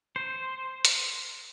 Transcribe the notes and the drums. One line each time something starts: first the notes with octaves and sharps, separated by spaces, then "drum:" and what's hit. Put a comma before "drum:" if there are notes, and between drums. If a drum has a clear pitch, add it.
C5
drum: hi-hat